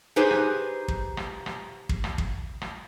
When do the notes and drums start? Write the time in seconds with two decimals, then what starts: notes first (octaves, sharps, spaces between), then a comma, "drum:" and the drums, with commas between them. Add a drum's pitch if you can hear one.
0.16 D#4 G4 G#4 B4 C5
0.31 drum: rim click
0.88 drum: kick
1.17 drum: rim click
1.46 drum: rim click
1.89 drum: kick
2.04 drum: rim click
2.18 drum: kick
2.61 drum: rim click